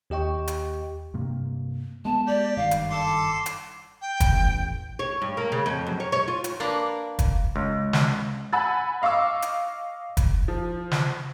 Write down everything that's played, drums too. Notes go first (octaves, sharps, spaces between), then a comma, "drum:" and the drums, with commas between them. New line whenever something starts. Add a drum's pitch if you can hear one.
D#2 G4 D#5 G5 C#6
drum: hi-hat
G2 C3 A#3
G#3 B3 A5
G4 D5
F#1 G2 D#3 F5
drum: hi-hat
A4 C6 D6
drum: hi-hat
G5
drum: kick, hi-hat
A1 E2
C#5
G2
A#3
C#3
F2
F#2
C#5
C#5
F4
drum: hi-hat
A#3 D4 A#4 B4
drum: kick, hi-hat
C#2
drum: snare
F#5 G#5 B5 E6 A6
D#5 F5 C#6 D6 E6
drum: hi-hat
drum: kick, hi-hat
F3
drum: snare